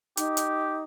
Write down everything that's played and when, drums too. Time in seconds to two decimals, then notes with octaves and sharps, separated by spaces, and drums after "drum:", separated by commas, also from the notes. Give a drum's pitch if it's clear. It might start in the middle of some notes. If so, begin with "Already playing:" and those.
0.17 D#4 G4, drum: hi-hat
0.37 drum: hi-hat